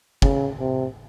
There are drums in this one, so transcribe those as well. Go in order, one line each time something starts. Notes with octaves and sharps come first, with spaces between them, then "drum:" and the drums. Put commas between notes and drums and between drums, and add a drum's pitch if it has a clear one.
C#3, drum: kick
C3